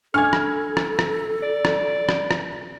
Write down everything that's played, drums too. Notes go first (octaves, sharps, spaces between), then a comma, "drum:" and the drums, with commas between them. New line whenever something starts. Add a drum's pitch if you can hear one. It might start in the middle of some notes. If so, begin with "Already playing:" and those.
D4 A4 G#5 D6 F6 G#6
drum: rim click
drum: rim click
drum: rim click
D5
drum: rim click
drum: rim click
drum: rim click